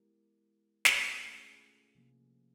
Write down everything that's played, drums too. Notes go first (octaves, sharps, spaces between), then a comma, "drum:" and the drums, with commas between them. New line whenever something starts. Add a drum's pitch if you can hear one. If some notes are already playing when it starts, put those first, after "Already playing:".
Already playing: G#3 B3 E4 G4 A#4
A3 C#4 F4 G#4, drum: snare
C3 F3 A#3